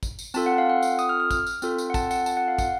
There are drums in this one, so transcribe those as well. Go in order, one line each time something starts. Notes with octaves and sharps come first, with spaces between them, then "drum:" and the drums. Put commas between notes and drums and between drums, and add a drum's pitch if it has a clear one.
drum: kick, tambourine
drum: tambourine
C4 F4 A4 A5, drum: tambourine
F#5
F5
F#5
drum: tambourine
D#6, drum: tambourine
F6
F6
F6, drum: kick, tambourine
drum: tambourine
C4 F4 A4, drum: tambourine
drum: tambourine
F#5
A5, drum: kick, tambourine
F#5, drum: tambourine
A5, drum: tambourine
F#5
F5
F#5, drum: kick, tambourine